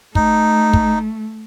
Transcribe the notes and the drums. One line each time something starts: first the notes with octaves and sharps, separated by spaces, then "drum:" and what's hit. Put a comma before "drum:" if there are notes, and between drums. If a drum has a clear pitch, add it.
A3 D#4, drum: kick
drum: kick